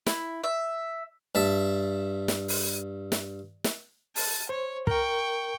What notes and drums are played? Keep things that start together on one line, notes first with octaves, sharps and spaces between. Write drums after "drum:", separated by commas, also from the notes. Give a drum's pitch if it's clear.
E4, drum: snare
E5
G2 E5 A5
drum: snare
drum: open hi-hat
drum: snare
drum: snare
A5, drum: open hi-hat
C5 C#5
A#4 G5 C#6, drum: kick